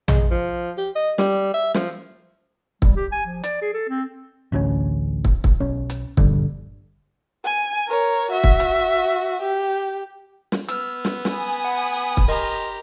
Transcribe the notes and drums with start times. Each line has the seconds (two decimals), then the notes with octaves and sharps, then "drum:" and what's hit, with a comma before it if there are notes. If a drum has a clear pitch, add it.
0.08 G#3, drum: tom A#1
0.31 F3
0.78 G4
0.96 D#5
1.18 G3, drum: snare
1.54 E5
1.74 F3, drum: snare
2.82 G3, drum: kick
2.96 G4
3.12 G#5
3.26 F3
3.44 D5, drum: hi-hat
3.62 G#4
3.74 A4
3.89 C4
4.52 A1 D2 F#3 C#4
5.25 drum: kick
5.44 drum: kick
5.60 B1 C#4
5.90 drum: hi-hat
6.17 A#1 G2 D3, drum: kick
7.44 G#5
7.87 A#4 C#5
8.31 F#4 E5
8.44 drum: kick
8.60 drum: hi-hat
9.42 G4
10.52 drum: snare
10.68 B3 E6 F6, drum: hi-hat
11.05 drum: snare
11.25 G#5 B5 D#6, drum: snare
11.65 F#5
12.17 drum: kick
12.28 G4 A#4 D#5 A#5 C6